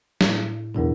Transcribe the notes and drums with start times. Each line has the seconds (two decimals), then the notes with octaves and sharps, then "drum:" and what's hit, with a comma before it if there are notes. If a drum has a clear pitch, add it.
0.21 A2 E4, drum: snare
0.74 B1 E2 D4 E4 A#4